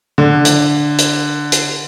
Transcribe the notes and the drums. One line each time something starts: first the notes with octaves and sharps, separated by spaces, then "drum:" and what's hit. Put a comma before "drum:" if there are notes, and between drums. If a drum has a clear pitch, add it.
D3
drum: hi-hat
drum: hi-hat
drum: hi-hat